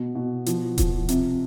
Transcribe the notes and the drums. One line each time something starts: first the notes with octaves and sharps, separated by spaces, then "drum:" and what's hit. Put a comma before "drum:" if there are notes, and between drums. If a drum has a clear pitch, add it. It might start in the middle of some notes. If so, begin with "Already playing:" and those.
Already playing: B2
B2
F3, drum: hi-hat
F3, drum: kick D#1, hi-hat
C3, drum: hi-hat